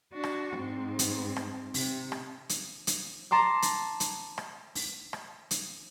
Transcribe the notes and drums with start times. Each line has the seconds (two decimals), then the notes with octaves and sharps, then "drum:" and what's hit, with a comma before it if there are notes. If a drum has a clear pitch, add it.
0.14 D4 F#4
0.24 drum: rim click
0.57 G#2 C4
0.99 drum: hi-hat
1.36 drum: rim click
1.74 C3, drum: open hi-hat
2.12 drum: rim click
2.49 drum: hi-hat
2.87 drum: hi-hat
3.31 A5 A#5 C6 D6
3.62 drum: hi-hat
4.00 drum: hi-hat
4.38 drum: rim click
4.75 drum: open hi-hat
5.13 drum: rim click
5.51 drum: hi-hat